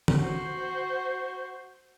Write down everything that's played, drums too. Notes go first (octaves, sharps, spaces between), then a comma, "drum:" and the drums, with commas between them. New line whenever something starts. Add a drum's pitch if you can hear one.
drum: tom D3
F#4 C5